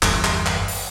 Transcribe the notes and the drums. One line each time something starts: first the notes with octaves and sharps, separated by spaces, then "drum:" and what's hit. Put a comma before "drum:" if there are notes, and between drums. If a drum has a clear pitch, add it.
G1 E2 G2, drum: clap
drum: clap
drum: clap
drum: open hi-hat